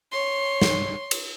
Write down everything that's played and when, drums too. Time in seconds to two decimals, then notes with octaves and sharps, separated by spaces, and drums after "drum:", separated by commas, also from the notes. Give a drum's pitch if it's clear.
0.12 C#5 C6
0.62 drum: snare
1.11 drum: cymbal